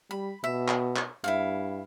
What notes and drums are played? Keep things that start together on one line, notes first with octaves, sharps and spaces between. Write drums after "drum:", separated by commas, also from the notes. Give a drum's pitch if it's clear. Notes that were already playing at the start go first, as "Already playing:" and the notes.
G3 B5
B2 E5
drum: clap
drum: clap
G2 E4 F4 F5